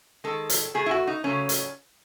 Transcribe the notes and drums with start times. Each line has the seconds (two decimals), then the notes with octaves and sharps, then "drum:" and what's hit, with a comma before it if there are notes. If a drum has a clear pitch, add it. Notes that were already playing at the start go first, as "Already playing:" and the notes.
0.24 D#3 G#3 A4
0.50 drum: hi-hat
0.74 B2 A3 G#4
0.86 E4
0.91 F#4
1.07 D#4
1.24 C#3 F#3 A3 C#4
1.49 drum: hi-hat